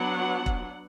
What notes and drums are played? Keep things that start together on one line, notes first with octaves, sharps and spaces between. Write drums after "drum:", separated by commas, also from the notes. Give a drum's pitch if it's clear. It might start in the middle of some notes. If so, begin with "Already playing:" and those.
Already playing: F#3 B3 D4 F#5
drum: kick E1